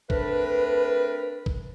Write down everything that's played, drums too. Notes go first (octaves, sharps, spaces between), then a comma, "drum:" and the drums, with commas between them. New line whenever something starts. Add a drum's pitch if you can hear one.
A3 C4 D4 A#4 B4, drum: kick A#1
drum: kick A#1